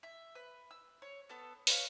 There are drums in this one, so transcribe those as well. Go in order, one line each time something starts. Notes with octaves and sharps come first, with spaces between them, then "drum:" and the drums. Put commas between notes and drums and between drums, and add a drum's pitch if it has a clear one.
E5
B4
E6
C#5
B3 A4 A5
B4 C#5 F5, drum: open hi-hat